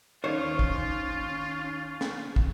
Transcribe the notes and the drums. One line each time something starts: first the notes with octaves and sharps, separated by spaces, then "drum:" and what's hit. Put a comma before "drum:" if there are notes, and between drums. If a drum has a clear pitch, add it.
D#2 C#4 F4 C5 C#5
drum: kick
drum: snare
drum: kick